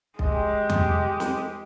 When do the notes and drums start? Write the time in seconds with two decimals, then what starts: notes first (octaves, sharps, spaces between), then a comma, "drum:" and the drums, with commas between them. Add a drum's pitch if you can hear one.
0.19 G#3 G4, drum: kick B1
0.70 drum: tom E2
1.20 drum: snare